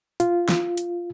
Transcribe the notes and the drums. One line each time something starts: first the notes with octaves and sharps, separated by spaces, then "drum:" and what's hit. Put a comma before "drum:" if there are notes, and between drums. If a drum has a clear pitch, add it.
F4, drum: hi-hat
drum: snare
drum: hi-hat